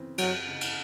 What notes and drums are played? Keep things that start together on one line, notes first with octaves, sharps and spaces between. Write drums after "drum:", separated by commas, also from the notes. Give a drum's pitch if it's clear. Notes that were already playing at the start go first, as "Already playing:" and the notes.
Already playing: C#3 E3 C4
F#2 F#3, drum: cymbal
C#3
drum: cymbal